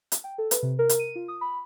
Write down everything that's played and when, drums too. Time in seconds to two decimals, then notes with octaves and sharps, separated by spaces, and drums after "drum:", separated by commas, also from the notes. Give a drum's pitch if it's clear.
0.12 drum: hi-hat
0.24 G5
0.38 A4
0.51 B4, drum: hi-hat
0.63 C3
0.79 A#4
0.89 drum: hi-hat
0.99 D#7
1.15 F4
1.28 D#6
1.41 B5